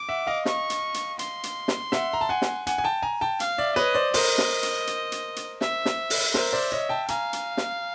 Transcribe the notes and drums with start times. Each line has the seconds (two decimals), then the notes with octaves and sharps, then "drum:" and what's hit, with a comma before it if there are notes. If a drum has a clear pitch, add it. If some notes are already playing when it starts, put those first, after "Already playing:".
Already playing: D6
0.09 E5 F#5
0.27 D#5 F5
0.46 C#6, drum: snare
0.70 drum: hi-hat
0.94 drum: hi-hat
1.19 C6, drum: hi-hat
1.43 drum: hi-hat
1.68 drum: snare
1.92 E5 F#5, drum: snare
2.13 A#5
2.21 A5
2.29 F#5 G#5
2.42 drum: snare
2.67 F#5 G#5, drum: hi-hat
2.78 G#5
2.84 G5 A5
3.03 G#5 A#5
3.21 G5 A5
3.40 F5, drum: hi-hat
3.58 D5 E5
3.76 B4 C#5 D#5
3.95 C5 D5
4.14 A#4 C5 D#5, drum: open hi-hat
4.38 drum: snare
4.63 drum: hi-hat
4.87 drum: hi-hat
5.12 drum: hi-hat
5.36 drum: hi-hat
5.61 E5, drum: snare
5.86 drum: snare
6.10 drum: open hi-hat
6.34 A#4 C5 E5, drum: snare
6.53 C5 D5
6.72 C#5 D#5
6.89 G5 A5
7.08 F5 G#5 A#5, drum: hi-hat
7.33 drum: hi-hat
7.57 drum: snare